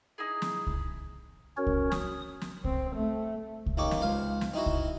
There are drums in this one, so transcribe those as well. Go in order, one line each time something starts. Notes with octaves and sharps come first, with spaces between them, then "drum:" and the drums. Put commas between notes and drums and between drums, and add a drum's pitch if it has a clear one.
D#4 E4 G#4
drum: snare
drum: kick C2
C#4 F#4 A#4 C#5
drum: kick C2
D#6, drum: snare
drum: snare
C4, drum: kick C2
A3
drum: kick C2
D#2 C#3 D#4 G5 C#6 D6
drum: snare
C#2 C5 F5
drum: snare
C4 D#4 E4 F#4
drum: kick C2